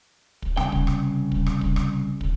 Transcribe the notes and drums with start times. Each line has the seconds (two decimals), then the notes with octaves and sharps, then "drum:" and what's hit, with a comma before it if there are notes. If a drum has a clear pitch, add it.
0.42 drum: kick
0.57 C2 C#3 G5, drum: rim click
0.72 drum: kick
0.87 drum: rim click
1.32 drum: kick
1.46 drum: rim click
1.61 drum: kick
1.76 drum: rim click
2.21 drum: kick